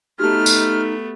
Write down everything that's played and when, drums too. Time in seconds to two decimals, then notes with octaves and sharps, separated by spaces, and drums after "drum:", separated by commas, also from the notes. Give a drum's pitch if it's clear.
0.19 A3 B3 D#4 F#4 G4 A5 F6
0.46 drum: tambourine